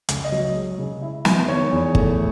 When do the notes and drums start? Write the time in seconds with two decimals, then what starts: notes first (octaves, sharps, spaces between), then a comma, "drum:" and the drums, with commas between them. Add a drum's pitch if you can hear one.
0.09 C#2, drum: hi-hat
0.24 D#5
0.32 F#3
0.55 G#3
0.79 C#3
1.02 E4
1.25 B3, drum: snare
1.48 D#3 C#5
1.71 E2
1.95 A3, drum: kick